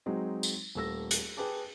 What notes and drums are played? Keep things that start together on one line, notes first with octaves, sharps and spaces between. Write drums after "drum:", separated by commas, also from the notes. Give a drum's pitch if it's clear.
F#3 G#3 C4 D#4
drum: tambourine
D#1 A3 E6 A#6
drum: hi-hat
G#4 B4 G5 A5 D6